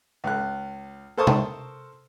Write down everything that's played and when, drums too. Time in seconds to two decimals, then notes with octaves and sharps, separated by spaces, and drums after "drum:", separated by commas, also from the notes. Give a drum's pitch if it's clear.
0.24 C#2 F#6
1.18 A4 A#4 C5 A5 C#6 D#6
1.27 drum: tom C3